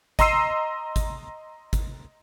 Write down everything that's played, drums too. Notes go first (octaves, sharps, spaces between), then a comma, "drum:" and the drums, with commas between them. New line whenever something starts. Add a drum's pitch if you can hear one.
D#5 A#5 C6 E6 C7 D#7, drum: kick G#1, hi-hat
drum: kick G#1, hi-hat
drum: kick G#1, hi-hat